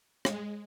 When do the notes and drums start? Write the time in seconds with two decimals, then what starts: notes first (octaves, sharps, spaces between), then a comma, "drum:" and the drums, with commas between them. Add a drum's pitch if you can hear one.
0.25 G#3, drum: rim click